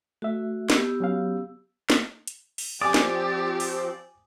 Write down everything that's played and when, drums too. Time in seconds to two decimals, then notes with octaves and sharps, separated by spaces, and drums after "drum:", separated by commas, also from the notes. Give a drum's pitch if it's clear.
0.22 A3 F#4 E5
0.70 B3 G4 E6, drum: snare
1.00 F#3 C#4 F5
1.90 drum: snare
2.27 drum: hi-hat
2.58 drum: open hi-hat
2.81 F3 C4 G4 D5 G#5 D6 D#6
2.94 drum: snare
3.60 drum: open hi-hat